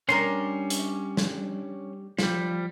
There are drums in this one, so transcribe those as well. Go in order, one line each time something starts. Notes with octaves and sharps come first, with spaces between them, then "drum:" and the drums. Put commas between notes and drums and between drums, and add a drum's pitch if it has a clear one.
G3 C#4 D4 A#4 C#5 C6
drum: hi-hat
drum: snare
F3 G3, drum: snare